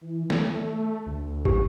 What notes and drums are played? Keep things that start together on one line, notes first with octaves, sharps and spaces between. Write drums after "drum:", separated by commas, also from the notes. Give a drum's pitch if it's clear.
E3
A3, drum: snare
D2
G4, drum: kick